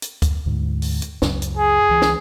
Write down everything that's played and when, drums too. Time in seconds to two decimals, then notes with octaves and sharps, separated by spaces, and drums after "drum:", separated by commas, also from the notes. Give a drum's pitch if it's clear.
0.02 drum: hi-hat
0.22 drum: kick D2, hi-hat
0.46 D2 G#2
0.82 drum: open hi-hat
1.02 drum: hi-hat
1.22 C#2 F#2, drum: snare
1.42 drum: hi-hat
1.57 G#4
1.89 C#2 E3
2.02 drum: snare